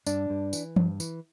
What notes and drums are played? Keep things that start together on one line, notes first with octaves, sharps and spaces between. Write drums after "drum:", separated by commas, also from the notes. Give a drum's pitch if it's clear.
G2 D4, drum: tambourine
G2
E3, drum: tambourine
G2, drum: tom E3
E3, drum: tambourine